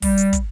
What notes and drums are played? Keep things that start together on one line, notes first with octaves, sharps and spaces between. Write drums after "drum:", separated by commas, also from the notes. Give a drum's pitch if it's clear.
G3, drum: kick, open hi-hat
drum: hi-hat
drum: kick, hi-hat